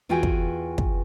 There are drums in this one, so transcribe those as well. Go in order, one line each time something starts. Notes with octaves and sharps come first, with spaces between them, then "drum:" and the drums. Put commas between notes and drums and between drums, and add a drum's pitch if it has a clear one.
E2 F4 F#4 B4 G5 G#5
drum: kick
drum: kick